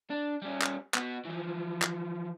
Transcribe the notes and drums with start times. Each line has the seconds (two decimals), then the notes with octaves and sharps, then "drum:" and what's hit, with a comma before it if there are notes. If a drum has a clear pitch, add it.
0.10 D4
0.42 G3 C#4
0.62 drum: clap
0.94 B3 F#4, drum: clap
1.25 E3 F3
1.82 drum: clap